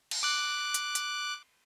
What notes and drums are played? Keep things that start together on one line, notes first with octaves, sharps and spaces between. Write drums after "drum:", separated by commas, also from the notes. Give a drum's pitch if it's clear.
drum: cymbal
D6 F#6
drum: hi-hat
drum: hi-hat